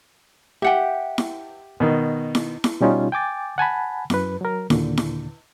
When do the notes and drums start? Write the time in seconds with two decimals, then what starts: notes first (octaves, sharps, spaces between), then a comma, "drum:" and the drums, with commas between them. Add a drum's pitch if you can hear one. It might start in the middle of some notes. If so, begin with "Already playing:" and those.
0.62 G4 E5 F#5 G5
1.18 drum: snare E4
1.80 B2 D#3
2.35 drum: snare E4
2.64 drum: snare E4
2.81 B2 G3 C#4 D#4 F4
3.12 G5 G#5 D6 A6
3.58 F#5 G#5 A5 B5
4.10 F#2 B4, drum: snare E4
4.41 F#3 A#4
4.70 D#2 A#2 D3, drum: snare E4
4.97 drum: snare E4